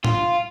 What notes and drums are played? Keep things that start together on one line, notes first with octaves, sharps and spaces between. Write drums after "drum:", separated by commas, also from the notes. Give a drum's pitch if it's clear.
F4, drum: tom A2